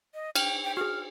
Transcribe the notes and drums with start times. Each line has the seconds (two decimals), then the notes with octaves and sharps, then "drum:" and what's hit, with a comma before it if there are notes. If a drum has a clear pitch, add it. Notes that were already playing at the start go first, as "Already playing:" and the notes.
0.14 D#5
0.36 G5 F6, drum: cymbal
0.64 G5
0.77 F#4 G#4 F6